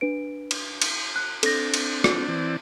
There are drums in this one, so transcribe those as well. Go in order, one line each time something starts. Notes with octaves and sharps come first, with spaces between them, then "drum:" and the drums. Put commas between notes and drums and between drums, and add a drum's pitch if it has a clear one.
D4 B4 D7
drum: cymbal
drum: cymbal
F#6
C4 D4 A4 A#6, drum: cymbal
drum: cymbal
drum: rim click
E3 C4 D5